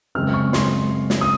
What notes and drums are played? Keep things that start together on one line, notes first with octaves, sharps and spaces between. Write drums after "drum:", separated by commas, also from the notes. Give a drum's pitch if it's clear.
F#2 C#3 G#3 C4 F6
C#6
C6, drum: snare
drum: snare
D#6